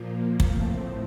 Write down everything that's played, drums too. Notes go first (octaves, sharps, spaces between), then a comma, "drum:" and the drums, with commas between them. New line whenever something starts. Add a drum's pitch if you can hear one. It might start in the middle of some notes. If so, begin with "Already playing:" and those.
Already playing: A#2 F3 A#3
A2 F3 A3 C4, drum: kick